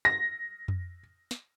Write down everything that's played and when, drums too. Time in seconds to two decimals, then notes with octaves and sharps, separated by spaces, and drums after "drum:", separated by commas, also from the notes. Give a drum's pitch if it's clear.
0.05 A#6
0.68 drum: tom F2
1.31 drum: snare